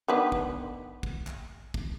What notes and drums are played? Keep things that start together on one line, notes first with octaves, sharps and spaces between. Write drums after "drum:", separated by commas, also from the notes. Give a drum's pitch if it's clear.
D#3 B3 D4
drum: kick
drum: kick
drum: clap
drum: kick